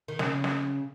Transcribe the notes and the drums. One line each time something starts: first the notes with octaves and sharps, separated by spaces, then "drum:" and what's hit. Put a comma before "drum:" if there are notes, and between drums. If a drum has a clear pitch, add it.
D#3
C#3, drum: snare
drum: snare